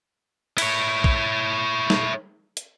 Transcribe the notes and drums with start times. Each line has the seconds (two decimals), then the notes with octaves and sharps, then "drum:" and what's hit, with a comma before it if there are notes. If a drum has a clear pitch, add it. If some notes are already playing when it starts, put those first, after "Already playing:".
0.58 E4 C#5, drum: cymbal
1.04 drum: kick
1.90 drum: snare
2.57 drum: hi-hat